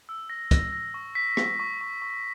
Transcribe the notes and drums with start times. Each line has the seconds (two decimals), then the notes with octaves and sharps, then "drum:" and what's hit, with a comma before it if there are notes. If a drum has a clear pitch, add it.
0.09 E6
0.30 A#6
0.51 A#6, drum: kick, hi-hat
0.73 A#6
0.94 C#6
1.15 B6
1.37 B6, drum: rim click
1.60 C#6
1.81 C#6
2.02 C#6